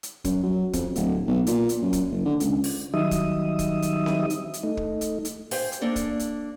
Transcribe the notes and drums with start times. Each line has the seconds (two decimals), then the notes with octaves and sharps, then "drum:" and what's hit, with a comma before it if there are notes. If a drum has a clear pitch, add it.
0.03 drum: hi-hat
0.24 F#2, drum: kick, hi-hat
0.43 F#3
0.73 F2, drum: kick, hi-hat
0.96 D1, drum: hi-hat
1.27 B1
1.47 A#2, drum: hi-hat
1.69 drum: hi-hat
1.82 F#2
1.93 drum: kick, hi-hat
2.11 F#1
2.25 D3
2.40 C#2, drum: hi-hat
2.64 drum: open hi-hat
2.94 D#3 F#3 G3 D#4 E5 D#6
3.11 drum: kick, hi-hat
3.59 drum: kick, hi-hat
3.82 drum: hi-hat
4.06 drum: snare C4
4.30 drum: hi-hat
4.54 drum: hi-hat
4.63 A3 D#4
4.77 drum: kick
5.01 drum: hi-hat
5.25 drum: hi-hat
5.51 G4 C5 F5 G5 G#5, drum: open hi-hat
5.72 drum: hi-hat
5.81 A#3 D4 A4 D5
5.96 drum: kick, hi-hat
6.19 drum: hi-hat